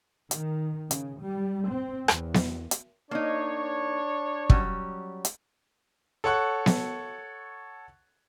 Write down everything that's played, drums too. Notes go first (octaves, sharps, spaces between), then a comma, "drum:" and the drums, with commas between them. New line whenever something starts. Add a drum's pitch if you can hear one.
D#3, drum: hi-hat
C#3, drum: hi-hat
G3
C4
E2, drum: rim click
drum: snare B3
drum: hi-hat
A#3 D4 D#4 C#5
F#3 G3 C#4, drum: kick
drum: hi-hat
A4 C#5 F#5 C#6 F#6
drum: snare B3